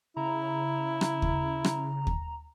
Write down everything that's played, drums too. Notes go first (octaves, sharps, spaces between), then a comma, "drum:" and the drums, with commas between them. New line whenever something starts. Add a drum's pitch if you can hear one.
C#3 E4 A#5
drum: rim click
drum: kick
drum: rim click
drum: kick